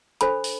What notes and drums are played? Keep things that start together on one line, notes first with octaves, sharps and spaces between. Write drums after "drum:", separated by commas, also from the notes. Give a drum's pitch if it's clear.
D4 A4 C5 B5, drum: hi-hat
drum: open hi-hat